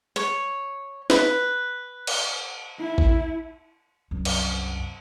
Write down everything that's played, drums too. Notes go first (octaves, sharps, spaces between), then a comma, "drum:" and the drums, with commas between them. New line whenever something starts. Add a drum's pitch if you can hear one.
C#5, drum: hi-hat
B4, drum: snare
drum: cymbal
E4
drum: kick A1
C2 F#2
drum: cymbal